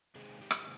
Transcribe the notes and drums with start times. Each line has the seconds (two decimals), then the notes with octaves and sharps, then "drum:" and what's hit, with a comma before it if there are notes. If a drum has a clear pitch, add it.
0.15 C3 D#3 G#3 C4 G#4
0.42 G4
0.51 drum: rim click